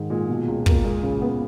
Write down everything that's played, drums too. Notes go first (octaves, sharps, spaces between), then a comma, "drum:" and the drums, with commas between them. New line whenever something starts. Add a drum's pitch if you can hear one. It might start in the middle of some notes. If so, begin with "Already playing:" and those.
Already playing: G#2 D#3
A#2 G#3
B2
C#2
A#3, drum: kick
A#2 G#3
C#3
B3